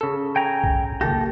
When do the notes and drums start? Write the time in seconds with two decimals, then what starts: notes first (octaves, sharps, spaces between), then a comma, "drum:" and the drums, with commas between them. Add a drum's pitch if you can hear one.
0.01 C#3 A4
0.36 G5 G#5 A#5
0.64 drum: kick B1
1.01 F#1 A#3 G4 A4 A#6